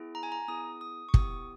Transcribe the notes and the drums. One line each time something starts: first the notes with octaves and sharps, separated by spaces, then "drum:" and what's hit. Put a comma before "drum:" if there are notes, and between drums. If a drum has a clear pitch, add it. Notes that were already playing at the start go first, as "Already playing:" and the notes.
Already playing: B3 E4 G#4
A#5
G#5
A#5
B3 E4 G#4 D#6
D#6
C#6
B3 E4 G4 D#6, drum: kick